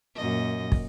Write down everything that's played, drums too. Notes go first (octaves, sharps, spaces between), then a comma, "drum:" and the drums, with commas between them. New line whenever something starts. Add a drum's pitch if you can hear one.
F#2 A#2 D#5
drum: kick